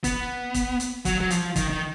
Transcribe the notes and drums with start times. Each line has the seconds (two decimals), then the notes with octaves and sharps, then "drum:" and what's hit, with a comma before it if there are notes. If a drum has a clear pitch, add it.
0.04 B3, drum: kick E1, hi-hat
0.54 drum: kick E1, hi-hat
0.80 drum: hi-hat
1.05 F#3, drum: kick E1, hi-hat
1.21 F#3
1.31 F3, drum: hi-hat
1.56 D#3, drum: kick E1, hi-hat
1.70 D#3